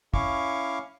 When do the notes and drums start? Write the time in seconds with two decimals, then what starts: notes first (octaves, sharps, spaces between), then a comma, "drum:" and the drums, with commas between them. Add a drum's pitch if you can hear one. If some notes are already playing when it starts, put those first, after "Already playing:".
0.14 C#4 E4 F5 C#6 D6, drum: kick